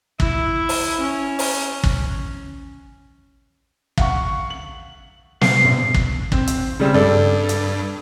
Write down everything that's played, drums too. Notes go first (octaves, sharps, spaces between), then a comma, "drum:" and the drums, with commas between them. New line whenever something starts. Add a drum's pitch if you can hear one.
E4, drum: kick
drum: open hi-hat
C#4
drum: open hi-hat
drum: kick
F5 F#5 C#6, drum: kick
F#7
B3 C7, drum: snare
A#1
drum: kick
C4, drum: kick
drum: hi-hat
C#3 G3 C4
G2 A4 D5
drum: hi-hat